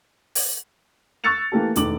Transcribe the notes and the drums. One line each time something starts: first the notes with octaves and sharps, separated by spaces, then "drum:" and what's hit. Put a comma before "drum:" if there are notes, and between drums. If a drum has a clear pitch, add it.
drum: open hi-hat
C#6 E6 F#6 A6 C#7 F7
E3 A3 A#3 G4 A4
E1 D#3 E3 A3 D6 F#7, drum: hi-hat